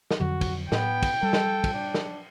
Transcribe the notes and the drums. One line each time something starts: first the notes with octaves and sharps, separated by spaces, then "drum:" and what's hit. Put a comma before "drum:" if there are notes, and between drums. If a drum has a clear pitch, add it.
drum: snare
F2 D3 F#3 F#4
drum: kick, cymbal
A2 B3 G5, drum: snare
drum: kick, cymbal
G3 A4
drum: snare
drum: kick, cymbal
D4
drum: snare